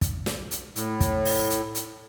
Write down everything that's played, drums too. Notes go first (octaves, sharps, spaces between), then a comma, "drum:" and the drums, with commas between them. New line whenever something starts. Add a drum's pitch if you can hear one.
drum: kick, hi-hat
drum: snare
drum: hi-hat
A2, drum: hi-hat
drum: kick, hi-hat
drum: open hi-hat
drum: hi-hat
drum: hi-hat